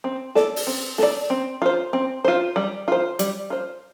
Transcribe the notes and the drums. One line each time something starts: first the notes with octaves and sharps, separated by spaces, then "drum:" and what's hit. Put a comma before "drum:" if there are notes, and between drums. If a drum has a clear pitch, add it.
C4
A4 D5, drum: snare
drum: open hi-hat
C4
A4 D5, drum: snare
C4
F4 C5
C4
F4 C5
G3
F4 C5
G3, drum: hi-hat
F4 C5